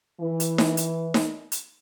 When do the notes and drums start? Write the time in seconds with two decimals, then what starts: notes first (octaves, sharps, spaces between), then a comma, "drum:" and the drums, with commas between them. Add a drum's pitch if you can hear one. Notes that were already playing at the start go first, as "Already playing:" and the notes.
0.21 E3
0.40 drum: hi-hat
0.58 drum: snare D#4
0.77 drum: hi-hat
1.14 drum: snare D#4
1.52 drum: hi-hat